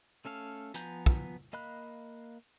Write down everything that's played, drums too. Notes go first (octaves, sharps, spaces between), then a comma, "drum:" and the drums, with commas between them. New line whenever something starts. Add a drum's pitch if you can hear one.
A3 C#4 A4 F5
F3 B3 G#5 A#5 G6, drum: hi-hat
drum: kick
A#3 D#5 F5 B5 F#6